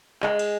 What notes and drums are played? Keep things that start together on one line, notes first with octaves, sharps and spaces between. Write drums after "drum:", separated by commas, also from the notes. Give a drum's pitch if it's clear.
G#3, drum: clap
drum: cymbal